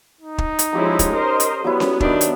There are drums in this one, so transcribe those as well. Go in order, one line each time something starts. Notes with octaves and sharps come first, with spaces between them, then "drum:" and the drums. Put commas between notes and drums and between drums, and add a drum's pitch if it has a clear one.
D#4
drum: kick
drum: hi-hat
F3 G#3 C#4 E4 G4 A#5
drum: kick, hi-hat
A#4 C5 D#5
drum: hi-hat
F#3 G3 B3 E4
drum: snare C#4
D#3 D4 D#5 E5, drum: kick
drum: hi-hat